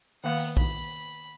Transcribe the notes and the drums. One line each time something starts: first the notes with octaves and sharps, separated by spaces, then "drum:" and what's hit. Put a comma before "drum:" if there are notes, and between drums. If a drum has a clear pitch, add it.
D#3 A#3 B3 F5 F#5
drum: open hi-hat
B5, drum: kick